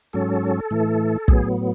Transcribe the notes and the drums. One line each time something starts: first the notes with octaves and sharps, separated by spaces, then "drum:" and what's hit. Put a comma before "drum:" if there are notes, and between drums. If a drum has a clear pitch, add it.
G#2 F#3 C#4 A4
A2 E3 A3
A2 F#3 B3 G#4, drum: kick